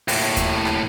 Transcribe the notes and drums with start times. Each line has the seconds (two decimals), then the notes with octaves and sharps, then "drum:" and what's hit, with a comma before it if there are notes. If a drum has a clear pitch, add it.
0.08 D#2 A2, drum: open hi-hat
0.37 drum: kick D#2, hi-hat
0.65 drum: rim click